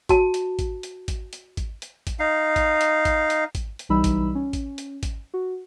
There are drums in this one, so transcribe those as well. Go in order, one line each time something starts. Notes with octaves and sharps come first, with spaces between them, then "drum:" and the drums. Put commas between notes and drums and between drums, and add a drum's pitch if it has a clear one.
F#4 A5, drum: kick G#1, hi-hat
drum: hi-hat
drum: kick G#1, hi-hat
drum: hi-hat
drum: kick G#1, hi-hat
drum: hi-hat
drum: kick G#1, hi-hat
drum: hi-hat
drum: kick G#1, hi-hat
D#4 F5
drum: kick G#1, hi-hat
drum: hi-hat
drum: kick G#1, hi-hat
drum: hi-hat
drum: kick G#1, hi-hat
drum: hi-hat
B1 E3 G3 D#4 B5 E6
drum: kick G#1, hi-hat
C#4
drum: kick G#1, hi-hat
drum: hi-hat
drum: kick G#1, hi-hat
F#4